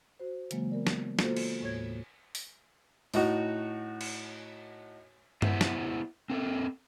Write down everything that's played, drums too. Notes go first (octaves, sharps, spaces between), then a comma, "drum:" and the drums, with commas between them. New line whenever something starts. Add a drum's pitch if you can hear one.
F#4 C5
C#3 E3 F#3 G#3 A#3, drum: hi-hat
B3 A#4 D5
drum: snare
A#3 F4 F#4 A4 C5, drum: snare
drum: cymbal
D#2 A2 C#5 G#6
drum: open hi-hat
A2 D#4 F#4, drum: open hi-hat
drum: cymbal
B3 E4 C5 E5 F#5, drum: tom G2
drum: snare
C4 A4 A#4